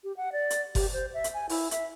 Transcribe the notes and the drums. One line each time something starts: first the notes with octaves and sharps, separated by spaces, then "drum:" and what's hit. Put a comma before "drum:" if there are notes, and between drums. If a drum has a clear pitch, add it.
G4
F#5
D5
drum: hi-hat
G4, drum: kick F#1, open hi-hat
C5
E5
drum: hi-hat
G#5
E4, drum: open hi-hat
E5, drum: hi-hat